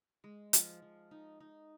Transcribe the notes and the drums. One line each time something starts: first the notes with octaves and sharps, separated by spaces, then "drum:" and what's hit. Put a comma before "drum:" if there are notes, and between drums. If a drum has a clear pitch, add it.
G#3
F3, drum: hi-hat
F3
D#4
D#4